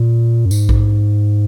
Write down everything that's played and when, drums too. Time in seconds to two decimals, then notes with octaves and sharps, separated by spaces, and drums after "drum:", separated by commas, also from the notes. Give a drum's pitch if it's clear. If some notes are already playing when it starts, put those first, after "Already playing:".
Already playing: A#2
0.45 F#2
0.51 G#2, drum: tambourine
0.69 drum: kick A#1